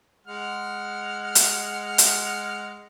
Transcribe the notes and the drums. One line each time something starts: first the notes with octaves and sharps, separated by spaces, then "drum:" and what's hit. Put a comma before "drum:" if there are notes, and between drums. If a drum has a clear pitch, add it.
G#3 F#5 F6
drum: hi-hat
drum: hi-hat